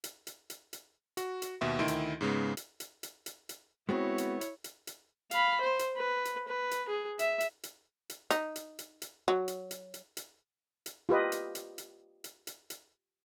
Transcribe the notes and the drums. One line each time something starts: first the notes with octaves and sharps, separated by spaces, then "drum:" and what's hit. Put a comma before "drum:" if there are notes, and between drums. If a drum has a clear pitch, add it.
drum: hi-hat
drum: hi-hat
drum: hi-hat
drum: hi-hat
F#4, drum: hi-hat
drum: hi-hat
D#2 B2 E5 C6
D2 D#3 E4 D#5 C6 D7
drum: hi-hat
G#2 C#3 G#3 B3
drum: hi-hat
drum: hi-hat
drum: hi-hat
drum: hi-hat
drum: hi-hat
G#3 B3 C4 E4 F#4 C#5
drum: hi-hat
drum: hi-hat
drum: hi-hat
drum: hi-hat
F5 B5, drum: hi-hat
C5
drum: hi-hat
B4
drum: hi-hat
B4
drum: hi-hat
G#4
E5, drum: hi-hat
drum: hi-hat
drum: hi-hat
drum: hi-hat
D#4, drum: hi-hat
drum: hi-hat
drum: hi-hat
drum: hi-hat
F#3
drum: hi-hat
drum: hi-hat
drum: hi-hat
drum: hi-hat
drum: hi-hat
F4 G4 B4 D#5
drum: hi-hat
drum: hi-hat
drum: hi-hat
drum: hi-hat
drum: hi-hat
drum: hi-hat